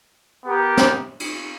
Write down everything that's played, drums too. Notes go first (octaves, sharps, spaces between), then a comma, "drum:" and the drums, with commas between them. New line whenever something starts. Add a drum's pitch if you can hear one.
B3 G4 A#4
drum: snare
drum: cymbal